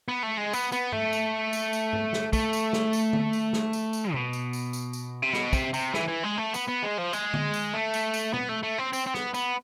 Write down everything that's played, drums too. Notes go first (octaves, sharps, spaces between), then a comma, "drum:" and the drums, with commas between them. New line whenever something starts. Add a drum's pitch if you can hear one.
B3
A3
G#3
B3, drum: tambourine
B3, drum: tambourine
A3, drum: tom G#2
drum: tambourine
drum: tambourine
drum: tambourine
drum: tom G#2
drum: snare
A3, drum: kick, tambourine
drum: tambourine
drum: snare
drum: tambourine
drum: tom
drum: tambourine
drum: snare
drum: tambourine
drum: tambourine
B2, drum: tom B2
drum: tambourine
drum: tambourine
drum: tambourine
drum: tambourine
C3
B2, drum: snare
C3, drum: kick, tambourine
C3, drum: tambourine
E3, drum: snare
E3
G#3
A3
B3, drum: tambourine
B3
G#3
F3
G#3, drum: tambourine
drum: tom
drum: tambourine
A3
drum: tambourine
drum: tambourine
B3, drum: tom B2
A3
A3
C4
C4, drum: tambourine
C4
B3, drum: snare
B3, drum: tambourine